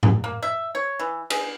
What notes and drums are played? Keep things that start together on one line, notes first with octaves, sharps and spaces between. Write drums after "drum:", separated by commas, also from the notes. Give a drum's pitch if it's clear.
drum: tom
A#3
E5
C#5
E3
G#4, drum: cymbal